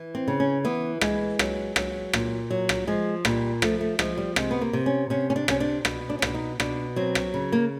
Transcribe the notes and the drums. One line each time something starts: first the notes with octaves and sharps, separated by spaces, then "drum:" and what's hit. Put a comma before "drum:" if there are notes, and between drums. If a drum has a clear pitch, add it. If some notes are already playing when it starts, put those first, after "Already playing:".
Already playing: E3
C4
C#3
C#4
E3 B3
E3 G#3, drum: rim click
F#3, drum: rim click
F#3, drum: rim click
A#2, drum: rim click
F#3
drum: rim click
F3 G#3
A#2 G3, drum: rim click
F3 A3, drum: rim click
A3
F3 G#3, drum: rim click
G3
C3 G#3, drum: rim click
B3
A#3
C3
C#4
C3 C#4
C#4
D4
C3 C#4, drum: rim click
D4
B2, drum: rim click
D4
C#4
B2 D4, drum: rim click
D#4
B2 D4, drum: rim click
F#3 C4
drum: rim click
C#3
A#3